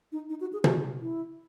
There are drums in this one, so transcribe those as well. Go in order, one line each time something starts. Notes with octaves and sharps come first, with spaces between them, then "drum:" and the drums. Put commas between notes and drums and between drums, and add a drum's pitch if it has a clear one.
D#4
D#4
F#4
G#4
F#4, drum: tom
E4